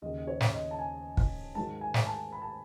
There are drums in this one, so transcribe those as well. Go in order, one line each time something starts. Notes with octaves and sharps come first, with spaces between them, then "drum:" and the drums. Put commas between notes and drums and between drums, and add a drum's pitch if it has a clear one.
D#2 C#3 F#3 D#5
D#5
C#5
drum: snare
D#5
A5
G#5
drum: kick
G#2 D#3 F#3 A5
G#5
drum: snare
A5
B5
A5